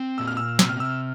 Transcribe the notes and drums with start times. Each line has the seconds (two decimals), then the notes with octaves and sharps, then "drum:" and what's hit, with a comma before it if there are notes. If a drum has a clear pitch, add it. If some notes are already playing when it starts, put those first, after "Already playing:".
Already playing: C4
0.18 A#2 E6
0.28 F6
0.37 E6
0.59 C3 E6, drum: snare
0.69 F6
0.80 E6